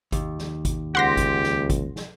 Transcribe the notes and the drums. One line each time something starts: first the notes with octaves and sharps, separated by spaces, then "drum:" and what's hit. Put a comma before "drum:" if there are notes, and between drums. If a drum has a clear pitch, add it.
D#2, drum: kick G#1, hi-hat
drum: snare
drum: kick G#1, hi-hat
C#2 G4 F#5 C6 A#6
drum: kick G#1, hi-hat
drum: snare
drum: kick G#1, hi-hat
drum: snare